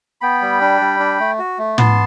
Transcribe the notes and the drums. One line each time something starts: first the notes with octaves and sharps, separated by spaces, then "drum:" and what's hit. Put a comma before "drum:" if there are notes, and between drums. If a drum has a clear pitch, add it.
B3 G5 B5
G3
D4
G3
D4
A3
F#4
A3
B3 A5 C6, drum: tom